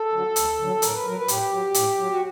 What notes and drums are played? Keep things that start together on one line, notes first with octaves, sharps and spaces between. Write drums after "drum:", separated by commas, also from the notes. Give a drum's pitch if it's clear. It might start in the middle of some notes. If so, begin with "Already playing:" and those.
Already playing: A4
D3 F#3
D2, drum: hi-hat
D3 F#3
A2 A#4, drum: hi-hat
B4
F#3 A#4
B4
A2 G4, drum: hi-hat
F#3
A2, drum: hi-hat
F#3
F#4